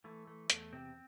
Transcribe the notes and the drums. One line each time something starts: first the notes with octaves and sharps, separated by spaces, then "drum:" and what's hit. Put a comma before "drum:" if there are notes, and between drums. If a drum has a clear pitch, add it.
E3 A3
A3
E2 A3, drum: hi-hat
C3 C4